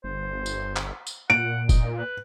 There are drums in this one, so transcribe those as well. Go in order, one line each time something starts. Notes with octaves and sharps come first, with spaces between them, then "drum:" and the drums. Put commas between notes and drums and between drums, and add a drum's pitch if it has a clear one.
G1 C5
drum: tambourine
drum: clap
drum: tambourine
A#2 F#5 D7
D#4, drum: kick F1, tambourine
B4